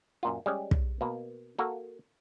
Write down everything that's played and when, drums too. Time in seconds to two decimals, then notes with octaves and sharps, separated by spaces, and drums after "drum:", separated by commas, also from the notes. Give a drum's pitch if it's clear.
0.23 F#2 A#2 F4
0.46 G3 G#3 C#4
0.71 drum: kick
1.01 B2 A#3
1.58 A#3 F#4 A4